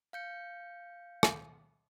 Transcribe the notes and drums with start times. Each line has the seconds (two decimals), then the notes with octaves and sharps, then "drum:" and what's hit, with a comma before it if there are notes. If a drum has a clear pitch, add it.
0.13 F5 G6 C#7
1.23 drum: rim click